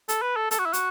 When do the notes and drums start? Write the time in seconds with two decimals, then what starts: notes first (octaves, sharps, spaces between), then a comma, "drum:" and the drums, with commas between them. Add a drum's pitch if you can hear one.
0.08 A4, drum: hi-hat
0.22 B4
0.36 A4
0.51 A4, drum: hi-hat
0.58 F#4
0.66 E4
0.73 F#4, drum: hi-hat